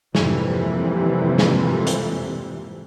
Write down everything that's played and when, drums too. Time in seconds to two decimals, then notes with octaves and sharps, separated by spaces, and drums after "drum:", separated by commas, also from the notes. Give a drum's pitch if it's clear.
0.15 F2 G#2 C3 E3 G3 A#3, drum: snare
1.38 drum: snare
1.87 drum: hi-hat